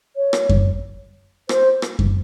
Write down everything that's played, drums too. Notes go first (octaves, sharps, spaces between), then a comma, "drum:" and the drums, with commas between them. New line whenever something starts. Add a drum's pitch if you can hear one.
C#5
drum: rim click
drum: kick F#2
C5, drum: rim click
drum: rim click
drum: kick F#2